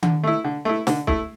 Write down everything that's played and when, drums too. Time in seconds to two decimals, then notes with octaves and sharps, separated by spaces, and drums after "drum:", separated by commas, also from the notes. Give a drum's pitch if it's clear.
0.03 D3, drum: tom D#3
0.24 A3 E4
0.44 D3
0.65 A3 E4
0.87 D3, drum: snare
1.07 A3 E4, drum: kick